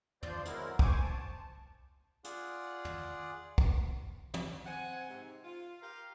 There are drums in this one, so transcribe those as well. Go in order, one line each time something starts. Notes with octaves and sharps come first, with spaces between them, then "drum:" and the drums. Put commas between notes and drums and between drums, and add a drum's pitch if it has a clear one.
G2 F3 C5 D5 C6, drum: tom
F#3 G#3 B3 E4 A#4, drum: hi-hat
C5 G#5 C#6 D6, drum: kick
A5
F4 G#4 D5 F#5, drum: hi-hat
drum: tom
drum: kick
drum: tom
C4 F#5 G#5
G#2 C3
F4
G4 A#4 F5